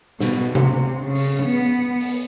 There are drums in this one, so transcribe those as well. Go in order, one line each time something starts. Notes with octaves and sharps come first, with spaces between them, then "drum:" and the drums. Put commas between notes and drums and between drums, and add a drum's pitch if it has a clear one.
B2, drum: snare
C3, drum: tom C3
C#3
drum: open hi-hat
B3
drum: open hi-hat